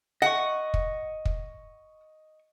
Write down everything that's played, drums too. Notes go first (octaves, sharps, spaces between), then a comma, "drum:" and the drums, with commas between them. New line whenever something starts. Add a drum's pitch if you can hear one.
D#5 F#5 C#6
drum: kick
drum: kick